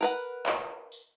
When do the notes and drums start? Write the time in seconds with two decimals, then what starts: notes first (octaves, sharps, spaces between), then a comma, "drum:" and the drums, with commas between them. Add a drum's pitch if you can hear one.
0.01 A#4 B4 F#5
0.46 drum: clap
0.92 drum: tambourine